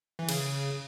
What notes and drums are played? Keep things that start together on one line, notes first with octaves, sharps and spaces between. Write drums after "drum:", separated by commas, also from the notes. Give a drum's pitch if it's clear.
E3
C#3, drum: cymbal